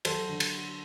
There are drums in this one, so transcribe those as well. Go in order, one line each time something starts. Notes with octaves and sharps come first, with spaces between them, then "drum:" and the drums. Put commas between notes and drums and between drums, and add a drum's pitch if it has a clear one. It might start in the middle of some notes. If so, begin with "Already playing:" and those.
F#3 A4 C5, drum: cymbal
D3
drum: cymbal